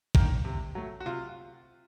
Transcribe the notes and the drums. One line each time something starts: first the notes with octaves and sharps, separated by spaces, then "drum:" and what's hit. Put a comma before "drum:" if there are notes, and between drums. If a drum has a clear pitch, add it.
D#3 A#3, drum: kick
C3
F#3 A3
F#4
C3 F4